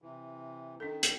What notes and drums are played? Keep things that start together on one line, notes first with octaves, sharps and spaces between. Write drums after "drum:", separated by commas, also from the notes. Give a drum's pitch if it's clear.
C3 E3
D#3 C#4 D4 A4
drum: hi-hat